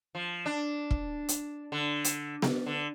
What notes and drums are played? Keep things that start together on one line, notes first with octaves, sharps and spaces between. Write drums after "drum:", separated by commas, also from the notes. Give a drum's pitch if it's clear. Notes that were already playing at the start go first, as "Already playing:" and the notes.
F3
D4
drum: kick
drum: hi-hat
D3
drum: hi-hat
drum: snare B3
D3